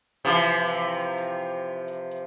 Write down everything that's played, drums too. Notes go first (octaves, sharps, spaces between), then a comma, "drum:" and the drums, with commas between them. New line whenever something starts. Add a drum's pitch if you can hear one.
C3 E3 F3, drum: hi-hat
drum: hi-hat
drum: hi-hat
drum: hi-hat
drum: hi-hat
drum: hi-hat